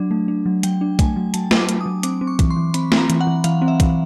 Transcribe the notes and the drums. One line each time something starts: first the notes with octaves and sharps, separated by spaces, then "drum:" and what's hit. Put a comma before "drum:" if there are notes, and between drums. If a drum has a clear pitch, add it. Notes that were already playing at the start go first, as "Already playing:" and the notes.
Already playing: F#3 D4
A3
D4
F#3
F#3 G5, drum: hi-hat
D4
A3 G#5, drum: kick, hi-hat
F#3
F#3 A5, drum: hi-hat
F#3, drum: snare
D6
F#3, drum: hi-hat
D#6
F#3
C4 D6, drum: hi-hat
C4
C#6
E3, drum: kick, hi-hat
C6
E3
C4 B5, drum: hi-hat
C4, drum: snare
A#5
E3, drum: hi-hat
F#5
E3
E3 F5, drum: hi-hat
C4
E5
E3, drum: kick, hi-hat